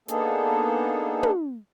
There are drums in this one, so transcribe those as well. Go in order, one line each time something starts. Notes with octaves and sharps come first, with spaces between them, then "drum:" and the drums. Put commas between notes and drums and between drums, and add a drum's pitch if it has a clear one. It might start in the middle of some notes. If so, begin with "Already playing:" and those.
A#3 B3 D4 D#4 G#4 A4, drum: hi-hat
drum: tom